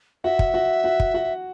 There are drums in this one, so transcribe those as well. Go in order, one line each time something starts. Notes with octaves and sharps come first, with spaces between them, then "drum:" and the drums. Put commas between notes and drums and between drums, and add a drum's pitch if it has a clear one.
F#4 E5 F#5
drum: kick
F#4 F#5
F#4 F#5
drum: kick
F#4 F#5